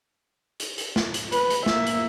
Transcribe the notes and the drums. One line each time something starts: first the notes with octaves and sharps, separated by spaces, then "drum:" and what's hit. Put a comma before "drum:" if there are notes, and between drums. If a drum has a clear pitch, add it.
drum: hi-hat
drum: hi-hat
drum: snare
drum: hi-hat
B4, drum: hi-hat
drum: hi-hat
A#3 E5, drum: snare
drum: hi-hat